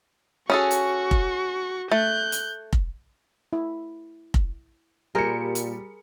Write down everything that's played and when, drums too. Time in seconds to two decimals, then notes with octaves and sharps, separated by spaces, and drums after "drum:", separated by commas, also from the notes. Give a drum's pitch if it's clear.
0.50 C#4 F#4 G#4 A4 C#6
0.71 drum: hi-hat
1.11 drum: kick F1
1.91 A3 F#6 G6
2.32 drum: hi-hat
2.73 drum: kick F1
3.53 E4
4.34 drum: kick F1
5.15 A#2 G3 G#4 A#4 C5 C#7
5.55 drum: hi-hat